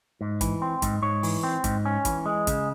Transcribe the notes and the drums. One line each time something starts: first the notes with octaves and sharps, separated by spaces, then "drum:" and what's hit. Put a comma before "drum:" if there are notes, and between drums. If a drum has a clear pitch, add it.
G#2
E3, drum: kick, hi-hat
C4
G#2, drum: kick, hi-hat
G#2 C#5
E3, drum: open hi-hat
C4
G#2, drum: kick, hi-hat
C#4
E3, drum: kick, hi-hat
G#3
C#3, drum: kick, hi-hat